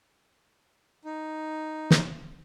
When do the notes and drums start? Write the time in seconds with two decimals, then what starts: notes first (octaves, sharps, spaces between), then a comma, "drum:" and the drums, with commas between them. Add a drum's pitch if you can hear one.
1.05 D#4
1.91 drum: snare